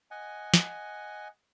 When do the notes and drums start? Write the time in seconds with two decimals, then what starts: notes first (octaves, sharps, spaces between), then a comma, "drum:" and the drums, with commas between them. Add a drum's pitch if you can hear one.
0.11 D#5 F#5 G#5
0.54 drum: snare